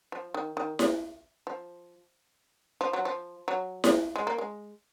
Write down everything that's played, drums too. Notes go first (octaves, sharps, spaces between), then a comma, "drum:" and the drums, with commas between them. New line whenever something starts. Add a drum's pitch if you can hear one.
F3
D#3
D#3
drum: snare E4
F3
F3
F#3
F3
F#3
drum: snare E4
G#3
A#3
G#3